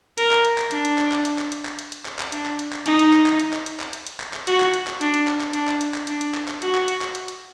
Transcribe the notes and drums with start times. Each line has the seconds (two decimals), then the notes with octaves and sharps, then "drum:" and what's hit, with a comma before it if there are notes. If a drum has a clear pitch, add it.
0.18 A#4, drum: hi-hat
0.31 drum: clap
0.45 drum: hi-hat
0.58 drum: clap
0.71 D4, drum: hi-hat
0.85 drum: hi-hat
0.98 drum: clap
1.12 drum: clap
1.25 drum: hi-hat
1.38 drum: clap
1.52 drum: hi-hat
1.65 drum: clap
1.79 drum: hi-hat
1.92 drum: hi-hat
2.05 drum: clap
2.19 drum: clap
2.32 D4, drum: hi-hat
2.46 drum: clap
2.59 drum: hi-hat
2.72 drum: clap
2.86 D#4, drum: hi-hat
2.99 drum: hi-hat
3.13 drum: clap
3.26 drum: clap
3.40 drum: hi-hat
3.53 drum: clap
3.66 drum: hi-hat
3.80 drum: clap
3.93 drum: hi-hat
4.07 drum: hi-hat
4.20 drum: clap
4.33 drum: clap
4.47 F#4, drum: hi-hat
4.60 drum: clap
4.74 drum: hi-hat
4.87 drum: clap
5.01 D4, drum: hi-hat
5.14 drum: hi-hat
5.27 drum: clap
5.41 drum: clap
5.53 D4, drum: hi-hat
5.67 drum: clap
5.81 drum: hi-hat
5.94 drum: clap
6.07 D4, drum: hi-hat
6.21 drum: hi-hat
6.34 drum: clap
6.48 drum: clap
6.62 F#4, drum: hi-hat
6.75 drum: clap
6.88 drum: hi-hat
7.01 drum: clap
7.15 drum: hi-hat
7.28 drum: hi-hat